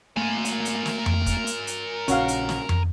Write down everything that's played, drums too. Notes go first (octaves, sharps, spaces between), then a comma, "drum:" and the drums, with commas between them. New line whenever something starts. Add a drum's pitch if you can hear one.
A3 A#3 A#4 G#5
drum: hi-hat
drum: hi-hat
drum: snare
drum: tom F2
drum: kick, hi-hat
drum: hi-hat
drum: hi-hat
A#1 C#3 C#4 F#4 F5, drum: hi-hat
drum: hi-hat
drum: snare
drum: tom F2